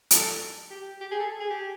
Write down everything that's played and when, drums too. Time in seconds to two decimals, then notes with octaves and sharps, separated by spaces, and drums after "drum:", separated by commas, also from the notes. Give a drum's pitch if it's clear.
0.11 A4, drum: hi-hat
0.71 G4
1.00 G4
1.11 G#4
1.20 A4
1.40 G#4
1.50 G4